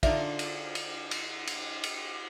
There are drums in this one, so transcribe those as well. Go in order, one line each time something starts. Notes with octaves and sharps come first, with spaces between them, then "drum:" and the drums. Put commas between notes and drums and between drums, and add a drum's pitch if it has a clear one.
D3 D#4 F4 D5 E5, drum: kick, cymbal
drum: cymbal
drum: cymbal
drum: cymbal
drum: cymbal
drum: cymbal